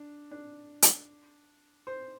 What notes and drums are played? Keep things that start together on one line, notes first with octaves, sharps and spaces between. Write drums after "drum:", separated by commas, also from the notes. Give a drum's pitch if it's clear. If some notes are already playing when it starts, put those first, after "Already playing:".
Already playing: D4
D4
drum: hi-hat
C5